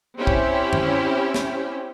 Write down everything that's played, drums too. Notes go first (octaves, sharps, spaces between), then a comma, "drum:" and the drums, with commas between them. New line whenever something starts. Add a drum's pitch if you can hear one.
C4 C#4 E4 G4
drum: kick
drum: tom F#2
drum: snare